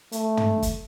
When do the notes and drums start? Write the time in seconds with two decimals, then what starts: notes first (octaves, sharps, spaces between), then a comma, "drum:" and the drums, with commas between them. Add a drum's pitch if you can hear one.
0.12 A3, drum: hi-hat
0.37 drum: tom
0.62 drum: kick, hi-hat